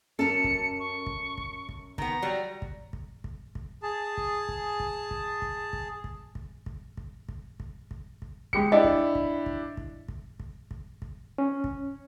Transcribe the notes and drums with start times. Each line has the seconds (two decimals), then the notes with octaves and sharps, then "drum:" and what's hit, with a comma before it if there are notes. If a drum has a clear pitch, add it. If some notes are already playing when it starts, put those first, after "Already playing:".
0.19 F#2 A4 A#4 C#7
0.44 drum: kick
0.80 C#6
1.07 drum: kick
1.38 drum: kick
1.69 drum: kick
1.98 D#3 B3 A#5, drum: kick
2.22 F#3 G3
2.62 drum: kick
2.93 drum: kick
3.24 drum: kick
3.55 drum: kick
3.83 G#4 A5
4.18 drum: kick
4.49 drum: kick
4.80 drum: kick
5.11 drum: kick
5.42 drum: kick
5.73 drum: kick
6.04 drum: kick
6.35 drum: kick
6.66 drum: kick
6.97 drum: kick
7.29 drum: kick
7.60 drum: kick
7.91 drum: kick
8.22 drum: kick
8.53 G#3 G4 C#7, drum: kick
8.72 D4 E4 G4 D#5
8.84 drum: kick
9.15 drum: kick
9.46 drum: kick
9.77 drum: kick
10.09 drum: kick
10.40 drum: kick
10.71 drum: kick
11.02 drum: kick
11.38 C#4
11.64 drum: kick